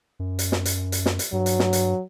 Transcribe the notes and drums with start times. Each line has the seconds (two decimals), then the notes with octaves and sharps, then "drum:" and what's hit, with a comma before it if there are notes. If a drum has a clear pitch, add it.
0.19 F#2
0.39 drum: hi-hat
0.52 drum: snare
0.65 drum: hi-hat
0.92 drum: hi-hat
1.06 drum: snare
1.19 drum: hi-hat
1.32 G2 F#3
1.46 drum: hi-hat
1.59 drum: snare
1.73 drum: hi-hat